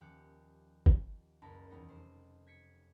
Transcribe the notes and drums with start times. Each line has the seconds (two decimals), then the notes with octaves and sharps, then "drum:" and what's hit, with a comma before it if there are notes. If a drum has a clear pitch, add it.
0.01 D#1 F3 G4 F#6 C#7
0.86 drum: kick
1.42 F#1 C#2 A#4 A5 B5
1.70 E2 C3 G3 B3 D#4
1.88 F1 C5
2.47 G#6 B6 C#7